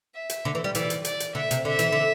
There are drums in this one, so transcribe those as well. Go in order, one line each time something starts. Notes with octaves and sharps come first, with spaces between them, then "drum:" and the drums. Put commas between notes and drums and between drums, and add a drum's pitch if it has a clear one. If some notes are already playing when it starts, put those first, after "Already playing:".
E5
drum: hi-hat
D3
E3
G3
E3 D5, drum: hi-hat
drum: hi-hat
D5, drum: hi-hat
drum: hi-hat
D3 E5
C3, drum: hi-hat
D3 E5
E3, drum: hi-hat
D3